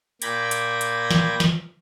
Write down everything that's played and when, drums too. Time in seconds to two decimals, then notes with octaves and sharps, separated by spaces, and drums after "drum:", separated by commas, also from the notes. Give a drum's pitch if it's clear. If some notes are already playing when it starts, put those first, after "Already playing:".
0.22 A#2 G5 B5 D6 G#6 A#6, drum: hi-hat
0.51 drum: hi-hat
0.81 drum: hi-hat
1.11 drum: snare
1.40 drum: snare